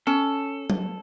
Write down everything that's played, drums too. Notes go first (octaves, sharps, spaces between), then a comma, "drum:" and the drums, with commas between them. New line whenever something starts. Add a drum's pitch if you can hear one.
C#4 A4
drum: tom F#3